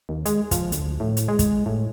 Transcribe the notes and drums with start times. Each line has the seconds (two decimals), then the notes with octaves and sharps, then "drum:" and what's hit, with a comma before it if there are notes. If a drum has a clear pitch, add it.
0.09 D#2
0.26 G#3, drum: hi-hat
0.51 F3, drum: kick, hi-hat
0.72 D2, drum: hi-hat
1.00 A2
1.17 drum: hi-hat
1.28 G#3
1.39 drum: kick, hi-hat
1.66 A2